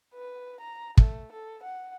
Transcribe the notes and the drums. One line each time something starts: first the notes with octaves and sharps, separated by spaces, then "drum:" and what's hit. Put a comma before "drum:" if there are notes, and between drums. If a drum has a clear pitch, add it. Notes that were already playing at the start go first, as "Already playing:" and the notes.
B4
A#5
A3, drum: kick
A4
F#5